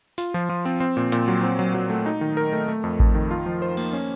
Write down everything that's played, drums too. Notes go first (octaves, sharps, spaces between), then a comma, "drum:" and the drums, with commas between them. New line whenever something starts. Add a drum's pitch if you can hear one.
F4, drum: open hi-hat
F3
F3
C4
C4
A#2
A#2, drum: hi-hat
F#3
C4
F#3
F#3
A3
D#4
D#3
A#4
A3
A3
F2
F2, drum: kick A1
D#3
F4
F3
C5
A#3, drum: cymbal
C#4